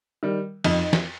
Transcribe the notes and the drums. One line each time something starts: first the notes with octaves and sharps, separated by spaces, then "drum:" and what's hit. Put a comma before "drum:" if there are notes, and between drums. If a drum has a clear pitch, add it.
D#3 G3
F2 D#4, drum: cymbal
drum: snare